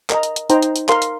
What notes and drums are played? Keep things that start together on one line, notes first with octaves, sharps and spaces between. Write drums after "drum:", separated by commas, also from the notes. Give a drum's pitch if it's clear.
A#4 D#5 A#5, drum: clap
drum: hi-hat
drum: hi-hat
D#4 C5 G5 A#5, drum: hi-hat
drum: hi-hat
drum: hi-hat
A#4 F5 C6, drum: clap
drum: hi-hat